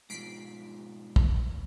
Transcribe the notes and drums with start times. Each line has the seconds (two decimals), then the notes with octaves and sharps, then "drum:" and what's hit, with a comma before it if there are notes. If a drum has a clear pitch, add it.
0.10 G#2 B2 F3 B6 C7 D7
1.16 drum: kick